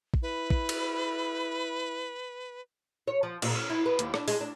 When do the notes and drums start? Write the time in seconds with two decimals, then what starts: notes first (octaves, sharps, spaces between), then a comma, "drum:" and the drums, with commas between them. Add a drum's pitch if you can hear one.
0.14 drum: kick
0.23 E4 B4
0.50 drum: kick
0.69 drum: cymbal
3.08 C#5
3.23 F3
3.42 A#2, drum: cymbal
3.55 C#4
3.70 E4
3.86 B4
3.99 D#2, drum: hi-hat
4.14 D4, drum: rim click
4.28 G#3, drum: open hi-hat
4.41 D4